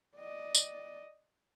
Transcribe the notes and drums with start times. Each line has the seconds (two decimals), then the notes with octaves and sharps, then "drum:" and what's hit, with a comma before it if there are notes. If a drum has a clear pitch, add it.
0.16 D5 D#5
0.55 drum: tambourine